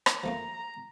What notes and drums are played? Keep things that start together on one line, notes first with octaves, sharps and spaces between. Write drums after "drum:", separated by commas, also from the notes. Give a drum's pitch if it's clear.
drum: rim click
F3 A3 A#3 A#5